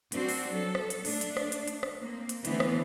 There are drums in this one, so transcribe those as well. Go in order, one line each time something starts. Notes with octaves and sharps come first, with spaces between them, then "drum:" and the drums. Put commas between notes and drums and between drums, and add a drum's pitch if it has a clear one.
C4 D4 F#4, drum: hi-hat
drum: open hi-hat
F#3 A4
drum: rim click
drum: hi-hat
A3 D4, drum: open hi-hat
drum: hi-hat
drum: rim click
drum: hi-hat
drum: hi-hat
drum: rim click
A#3 C4
drum: hi-hat
D3 E3 A3 B3 C4, drum: hi-hat
drum: rim click